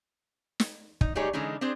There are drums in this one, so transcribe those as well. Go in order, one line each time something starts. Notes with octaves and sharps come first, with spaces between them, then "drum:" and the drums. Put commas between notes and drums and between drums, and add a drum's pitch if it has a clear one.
drum: snare
D#4, drum: kick
G3 A3 D#4 G4 G#4 C#5
D3 E3 G#3 C#4 D#4
C4 D4 G#4 C5